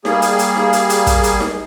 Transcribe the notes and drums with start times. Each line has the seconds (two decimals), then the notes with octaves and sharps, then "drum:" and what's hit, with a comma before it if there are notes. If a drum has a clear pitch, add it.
0.05 G3 A#3 G#4, drum: snare D#4
0.22 drum: hi-hat
0.39 drum: hi-hat
0.56 drum: snare D#4
0.73 drum: hi-hat
0.90 drum: hi-hat
1.07 drum: kick, hi-hat
1.23 drum: hi-hat
1.40 drum: snare D#4